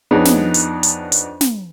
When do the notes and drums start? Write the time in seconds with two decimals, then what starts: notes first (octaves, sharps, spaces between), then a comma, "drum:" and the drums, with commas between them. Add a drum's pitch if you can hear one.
0.11 F2 B3 D4 D#4 G#4 C#5
0.25 drum: snare
0.54 drum: hi-hat
0.83 drum: hi-hat
1.12 drum: hi-hat
1.41 drum: snare